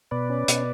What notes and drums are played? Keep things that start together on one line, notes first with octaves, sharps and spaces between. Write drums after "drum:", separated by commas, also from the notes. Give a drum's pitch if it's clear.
B2 B4 D5
C#4
B2, drum: hi-hat